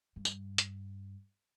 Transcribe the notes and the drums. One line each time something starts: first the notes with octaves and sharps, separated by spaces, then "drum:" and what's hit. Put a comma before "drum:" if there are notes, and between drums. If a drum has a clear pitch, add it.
G2
drum: tambourine
drum: hi-hat